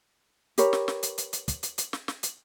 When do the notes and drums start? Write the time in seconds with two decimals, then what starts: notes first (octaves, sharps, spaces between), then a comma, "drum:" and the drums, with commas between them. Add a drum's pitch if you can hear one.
0.58 G4 A#4 B4 C#5, drum: hi-hat
0.73 drum: snare
0.88 drum: snare
1.03 drum: hi-hat
1.18 drum: hi-hat
1.33 drum: hi-hat
1.48 drum: kick, hi-hat
1.63 drum: hi-hat
1.78 drum: hi-hat
1.93 drum: snare
2.08 drum: snare
2.23 drum: hi-hat